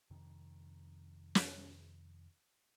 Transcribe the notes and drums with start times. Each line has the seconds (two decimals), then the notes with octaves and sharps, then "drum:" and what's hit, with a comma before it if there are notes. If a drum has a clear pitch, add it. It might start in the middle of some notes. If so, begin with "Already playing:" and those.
0.10 F2 C3 D#3
1.35 drum: snare